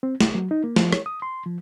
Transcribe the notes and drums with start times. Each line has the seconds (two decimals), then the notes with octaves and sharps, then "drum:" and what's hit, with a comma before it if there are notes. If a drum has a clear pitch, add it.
0.03 C4
0.21 C2, drum: snare
0.35 F#3
0.51 D#4
0.64 A#3
0.76 F3, drum: snare
0.93 C#5, drum: rim click
1.06 D#6
1.22 C6
1.46 F3